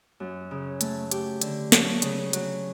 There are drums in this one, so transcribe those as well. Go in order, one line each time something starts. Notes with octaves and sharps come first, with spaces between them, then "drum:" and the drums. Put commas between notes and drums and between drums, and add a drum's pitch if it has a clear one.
F#2
C#3
A3, drum: hi-hat
G4, drum: hi-hat
D3, drum: hi-hat
F#3, drum: snare
C#3, drum: hi-hat
F#3, drum: hi-hat